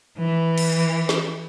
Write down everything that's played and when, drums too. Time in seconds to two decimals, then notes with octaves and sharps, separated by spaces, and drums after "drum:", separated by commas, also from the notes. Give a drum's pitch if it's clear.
0.18 E3
0.58 drum: cymbal
1.09 drum: snare